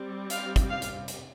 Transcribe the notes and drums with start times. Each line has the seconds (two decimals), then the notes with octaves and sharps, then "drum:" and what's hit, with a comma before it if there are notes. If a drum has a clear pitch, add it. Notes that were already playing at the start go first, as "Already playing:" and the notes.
Already playing: G3 C4
0.30 F5, drum: hi-hat
0.56 drum: kick, hi-hat
0.69 F5
0.82 drum: hi-hat
1.08 drum: hi-hat